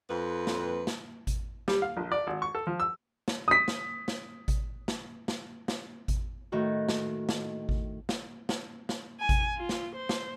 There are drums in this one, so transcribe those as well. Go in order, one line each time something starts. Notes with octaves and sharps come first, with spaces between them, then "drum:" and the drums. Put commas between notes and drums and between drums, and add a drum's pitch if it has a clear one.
F2 B4
drum: snare
drum: snare
drum: kick G#1, hi-hat
G3, drum: snare
F5
A#1
D5
G#1
C#6
A4
F3
E6
drum: snare
D#6 B6
drum: snare
drum: snare
drum: kick G#1, hi-hat
drum: snare
drum: snare
drum: snare
drum: kick G#1, hi-hat
A2 D#3 F#4 F#5
drum: snare
drum: snare
drum: kick G#1
drum: snare
drum: snare
drum: snare
G#5
drum: kick G#1, hi-hat
F4
drum: snare
C5
drum: snare